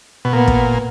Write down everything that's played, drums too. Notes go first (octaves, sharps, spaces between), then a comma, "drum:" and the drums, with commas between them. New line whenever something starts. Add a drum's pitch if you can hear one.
B2
A#2 B3
drum: kick